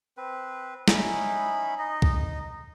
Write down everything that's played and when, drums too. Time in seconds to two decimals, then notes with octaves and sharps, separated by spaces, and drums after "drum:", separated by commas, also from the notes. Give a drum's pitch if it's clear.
0.17 C4 B4
0.88 C#4 D#4 E4 B5, drum: snare
1.79 D#4 D#5
2.02 drum: kick